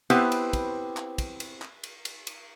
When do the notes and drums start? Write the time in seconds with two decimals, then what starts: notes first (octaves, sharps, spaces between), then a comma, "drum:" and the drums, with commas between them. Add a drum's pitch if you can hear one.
0.10 B3 C4 E4 G4 B4 C5, drum: cymbal
0.32 drum: cymbal
0.53 drum: kick, cymbal
0.97 drum: clap
1.18 drum: kick, cymbal
1.40 drum: cymbal
1.62 drum: clap
1.83 drum: cymbal
2.05 drum: cymbal
2.27 drum: cymbal